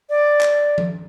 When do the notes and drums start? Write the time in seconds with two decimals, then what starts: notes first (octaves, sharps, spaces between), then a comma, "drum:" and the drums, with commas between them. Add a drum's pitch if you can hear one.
0.10 D5
0.41 drum: clap
0.78 drum: tom F3